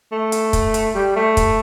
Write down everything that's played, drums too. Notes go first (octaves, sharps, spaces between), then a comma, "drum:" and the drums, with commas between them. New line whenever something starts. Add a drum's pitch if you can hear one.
A3
drum: hi-hat
drum: kick, hi-hat
drum: hi-hat
G3
A3
drum: kick, hi-hat